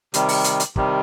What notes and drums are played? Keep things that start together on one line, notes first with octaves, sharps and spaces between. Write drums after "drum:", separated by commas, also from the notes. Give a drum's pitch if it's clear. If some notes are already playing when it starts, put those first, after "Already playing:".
C3 D#3 G3, drum: hi-hat
drum: open hi-hat
drum: hi-hat
drum: hi-hat
C3 D#3 G3, drum: kick